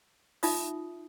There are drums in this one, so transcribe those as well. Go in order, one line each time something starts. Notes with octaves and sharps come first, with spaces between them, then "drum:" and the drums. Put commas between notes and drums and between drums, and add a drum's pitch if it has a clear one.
D#4 F4 E5 D#6, drum: open hi-hat